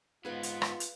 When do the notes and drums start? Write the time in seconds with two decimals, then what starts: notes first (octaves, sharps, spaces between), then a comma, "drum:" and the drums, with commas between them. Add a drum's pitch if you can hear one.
0.25 G#2 B3 F4 G#4 B4 B5
0.43 drum: hi-hat
0.62 drum: rim click
0.80 drum: hi-hat